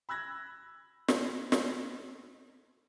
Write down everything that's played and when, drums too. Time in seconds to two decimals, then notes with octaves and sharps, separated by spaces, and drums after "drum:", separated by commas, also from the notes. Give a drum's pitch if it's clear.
0.09 B5 E6 F#6 G#6 A#6
1.08 drum: snare
1.52 drum: snare